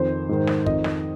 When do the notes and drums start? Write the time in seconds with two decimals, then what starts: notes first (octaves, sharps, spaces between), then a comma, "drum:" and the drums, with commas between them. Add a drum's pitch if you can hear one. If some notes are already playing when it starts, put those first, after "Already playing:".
Already playing: F2 D#3 C5
0.29 G#2 D#3
0.47 drum: snare
0.66 F2 D#3 D#5, drum: kick
0.84 drum: snare